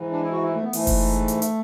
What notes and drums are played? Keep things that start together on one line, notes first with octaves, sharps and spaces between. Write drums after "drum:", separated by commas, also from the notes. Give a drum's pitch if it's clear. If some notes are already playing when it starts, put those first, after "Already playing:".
Already playing: G#2 E3
D4
E4
F#4
E4
A3
B3
G#2 E3 A3, drum: open hi-hat
drum: kick F#1, open hi-hat
drum: hi-hat
drum: hi-hat